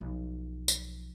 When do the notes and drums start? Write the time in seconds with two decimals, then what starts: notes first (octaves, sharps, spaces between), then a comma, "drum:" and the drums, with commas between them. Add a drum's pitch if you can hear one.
0.01 B1 F3
0.68 drum: tambourine